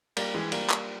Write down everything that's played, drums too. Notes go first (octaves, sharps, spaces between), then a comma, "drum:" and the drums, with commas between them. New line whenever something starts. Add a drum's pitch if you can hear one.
G3 A#3, drum: cymbal
E3 G#3
G3 A#3, drum: cymbal
drum: clap